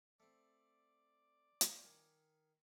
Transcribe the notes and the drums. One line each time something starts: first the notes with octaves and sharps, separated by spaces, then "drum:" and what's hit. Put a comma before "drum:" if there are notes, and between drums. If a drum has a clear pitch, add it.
A3 C4 D5
drum: hi-hat
D#3 G#5